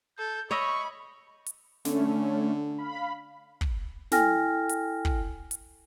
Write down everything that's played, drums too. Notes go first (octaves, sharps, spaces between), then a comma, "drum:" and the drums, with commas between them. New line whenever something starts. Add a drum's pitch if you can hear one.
A4 G6
C#5 D#5 E5 B5 C#6
drum: hi-hat
D3 A3 C#4, drum: snare
F5 B5
drum: kick
E4 A4 G5 G#5 F6 A#6, drum: snare
drum: hi-hat
drum: kick
drum: hi-hat